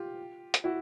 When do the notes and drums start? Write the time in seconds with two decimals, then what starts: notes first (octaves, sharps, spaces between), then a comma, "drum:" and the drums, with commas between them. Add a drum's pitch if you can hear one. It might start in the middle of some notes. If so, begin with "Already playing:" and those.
Already playing: F4 G4
0.54 drum: hi-hat
0.64 E4 F#4